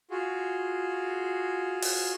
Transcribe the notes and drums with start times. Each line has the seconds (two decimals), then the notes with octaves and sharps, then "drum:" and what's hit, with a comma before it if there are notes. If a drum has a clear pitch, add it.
0.11 F4 F#4 G#4
1.82 drum: open hi-hat